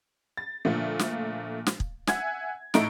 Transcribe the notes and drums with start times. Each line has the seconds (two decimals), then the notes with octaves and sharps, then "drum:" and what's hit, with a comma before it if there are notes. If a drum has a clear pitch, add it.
0.37 A6
0.65 A#2 D3 F3 A3
0.99 drum: snare
1.67 drum: snare
1.80 drum: kick
2.07 E5 F#5 G#5 G#6, drum: snare
2.74 A2 A3 D#4 A#5 E6 D7, drum: snare